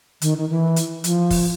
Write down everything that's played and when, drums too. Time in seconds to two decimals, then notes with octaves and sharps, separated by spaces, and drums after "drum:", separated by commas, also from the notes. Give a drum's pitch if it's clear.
0.22 D#3, drum: hi-hat
0.38 D#3
0.50 E3
0.76 drum: hi-hat
1.04 F3, drum: hi-hat
1.30 drum: kick, open hi-hat